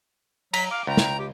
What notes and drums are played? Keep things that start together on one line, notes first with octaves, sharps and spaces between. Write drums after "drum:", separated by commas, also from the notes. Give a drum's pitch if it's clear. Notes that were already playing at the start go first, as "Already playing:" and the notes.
F#3 A#5 B6, drum: cymbal
F5 D6
C#2 G5 A#5
drum: snare
G4